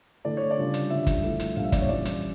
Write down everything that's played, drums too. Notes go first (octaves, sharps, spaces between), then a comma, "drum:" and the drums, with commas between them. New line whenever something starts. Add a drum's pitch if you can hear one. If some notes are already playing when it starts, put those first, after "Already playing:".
D3 A3 E4 D5
C#5
D5
C#3 G3 D4 F4
drum: hi-hat
D3 G3 D4 F4 E5
drum: kick, hi-hat
F3 A3 E4
drum: hi-hat
A#2 G3 D4 F4 F5
E5
D5, drum: kick, hi-hat
C#5
E3 G3 C#4 F4 D5
drum: hi-hat